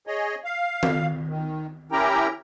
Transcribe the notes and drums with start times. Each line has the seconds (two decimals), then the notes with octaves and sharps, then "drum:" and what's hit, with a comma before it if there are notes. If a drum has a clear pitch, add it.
0.07 G#4 C#5 D#5
0.45 F5
0.83 drum: tom
1.28 D#3
1.92 C#4 E4 G4 A#4 G5 A#5